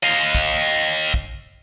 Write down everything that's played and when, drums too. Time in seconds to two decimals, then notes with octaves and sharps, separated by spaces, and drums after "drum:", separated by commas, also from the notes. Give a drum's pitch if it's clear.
0.03 D#5 F5
0.35 drum: kick
1.14 drum: kick